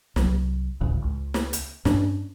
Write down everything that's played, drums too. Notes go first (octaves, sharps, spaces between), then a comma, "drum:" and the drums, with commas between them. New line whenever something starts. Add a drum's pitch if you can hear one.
C2 F#3, drum: snare
G#1 D2 A2 C#3
C#2
drum: snare
drum: hi-hat
G2 C#4 D4, drum: snare